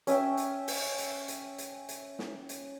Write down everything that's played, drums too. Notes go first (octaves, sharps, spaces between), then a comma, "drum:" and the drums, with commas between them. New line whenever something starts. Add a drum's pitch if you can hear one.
C#4 E5 G5, drum: hi-hat
drum: hi-hat
drum: open hi-hat
drum: hi-hat
drum: hi-hat
drum: hi-hat
drum: hi-hat
drum: snare
drum: hi-hat